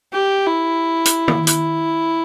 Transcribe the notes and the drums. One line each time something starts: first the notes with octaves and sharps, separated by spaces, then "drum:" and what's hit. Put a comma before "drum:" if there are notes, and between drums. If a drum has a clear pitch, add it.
G4
E4
drum: hi-hat
drum: tom D#3
E4, drum: hi-hat